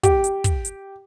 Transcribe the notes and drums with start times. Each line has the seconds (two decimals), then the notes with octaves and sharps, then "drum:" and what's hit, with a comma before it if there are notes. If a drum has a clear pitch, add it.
0.03 G4, drum: kick, hi-hat
0.24 drum: hi-hat
0.44 drum: kick, hi-hat
0.65 drum: hi-hat